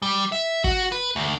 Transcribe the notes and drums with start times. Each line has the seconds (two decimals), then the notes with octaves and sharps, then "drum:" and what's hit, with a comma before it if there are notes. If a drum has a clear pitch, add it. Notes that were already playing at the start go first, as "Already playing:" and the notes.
0.02 G3
0.32 E5
0.64 F#4, drum: kick
0.92 B4
1.16 D2